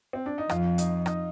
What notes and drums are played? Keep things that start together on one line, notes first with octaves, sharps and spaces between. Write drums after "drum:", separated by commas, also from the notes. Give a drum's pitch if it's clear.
C4
D4
D#4
F2 F4, drum: rim click
D#4, drum: hi-hat
D#4, drum: rim click